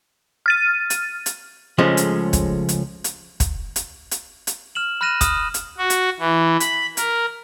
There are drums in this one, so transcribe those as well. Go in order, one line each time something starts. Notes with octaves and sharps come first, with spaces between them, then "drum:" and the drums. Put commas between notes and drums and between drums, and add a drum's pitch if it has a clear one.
F6 A6 D#7
drum: hi-hat
drum: hi-hat
C#2 F3 G#3 A3 C#4
drum: hi-hat
drum: kick, hi-hat
drum: hi-hat
drum: hi-hat
drum: kick, hi-hat
drum: hi-hat
drum: hi-hat
drum: hi-hat
F6 E7 F#7
B5 F6 F#6 A#6 D#7 E7
D#6 F6, drum: kick, hi-hat
drum: hi-hat
F#4
drum: hi-hat
E3
B5, drum: hi-hat
A#4, drum: hi-hat